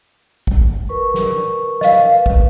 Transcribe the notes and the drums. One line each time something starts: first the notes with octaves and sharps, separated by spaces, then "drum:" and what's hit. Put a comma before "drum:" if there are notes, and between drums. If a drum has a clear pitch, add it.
drum: kick
A#4 B4 C#6
drum: snare
D#5 F5, drum: snare
B4
drum: kick